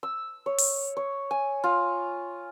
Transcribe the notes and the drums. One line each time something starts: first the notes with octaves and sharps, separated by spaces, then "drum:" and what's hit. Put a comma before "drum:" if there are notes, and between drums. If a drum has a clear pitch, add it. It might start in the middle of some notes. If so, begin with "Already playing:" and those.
E6
C#5
drum: open hi-hat
C#5
G#5
F4